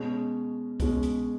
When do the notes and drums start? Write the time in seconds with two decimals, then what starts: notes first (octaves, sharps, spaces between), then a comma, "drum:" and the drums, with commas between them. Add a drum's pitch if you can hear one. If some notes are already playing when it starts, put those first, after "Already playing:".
Already playing: B2 G#3 C#4
0.80 B2 G#3 C#4, drum: kick C2, hi-hat
1.03 drum: hi-hat